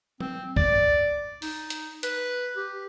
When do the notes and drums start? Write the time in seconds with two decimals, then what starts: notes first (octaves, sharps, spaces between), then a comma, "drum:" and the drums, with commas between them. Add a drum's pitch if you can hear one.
0.20 C4, drum: tom F#3
0.56 D5, drum: kick
1.42 D#4, drum: open hi-hat
1.70 drum: hi-hat
2.03 B4, drum: hi-hat
2.56 G4